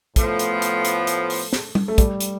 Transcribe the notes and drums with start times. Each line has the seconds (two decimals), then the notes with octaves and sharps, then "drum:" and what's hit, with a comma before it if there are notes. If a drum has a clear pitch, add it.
0.16 A2 F3 A3 B3, drum: kick, hi-hat
0.39 drum: hi-hat
0.62 drum: hi-hat
0.85 drum: hi-hat
1.07 drum: hi-hat
1.30 drum: open hi-hat
1.53 drum: snare
1.75 drum: tom G3
1.88 A3
1.98 G3, drum: kick, hi-hat
2.20 drum: hi-hat